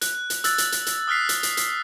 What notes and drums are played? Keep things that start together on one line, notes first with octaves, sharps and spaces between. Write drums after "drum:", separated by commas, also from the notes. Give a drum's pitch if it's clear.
F#6, drum: hi-hat
drum: hi-hat
E6 F#6 A6, drum: hi-hat
drum: hi-hat
drum: hi-hat
drum: hi-hat
D#6 F6 F#6 B6 C7
drum: hi-hat
drum: hi-hat
drum: hi-hat